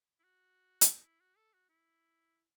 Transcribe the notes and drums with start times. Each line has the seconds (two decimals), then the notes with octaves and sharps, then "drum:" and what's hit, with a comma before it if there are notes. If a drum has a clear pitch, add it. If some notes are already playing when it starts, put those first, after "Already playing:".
0.20 E4
0.24 F#4
0.81 drum: hi-hat
0.95 D#4
1.05 E4
1.20 F#4
1.37 A4
1.54 F#4
1.69 E4